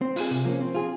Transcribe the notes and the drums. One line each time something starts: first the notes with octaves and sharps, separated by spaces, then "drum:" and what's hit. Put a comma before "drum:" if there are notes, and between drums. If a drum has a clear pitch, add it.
C4
F4 G#4, drum: open hi-hat
C3
F3 A#3 C#4
C4
F4 G#4